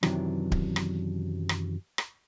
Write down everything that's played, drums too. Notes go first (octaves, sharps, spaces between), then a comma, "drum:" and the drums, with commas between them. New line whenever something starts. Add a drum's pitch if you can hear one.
F#2 C3 D#3 E3 F#3 D4, drum: rim click
drum: kick D1
drum: rim click
drum: rim click
drum: rim click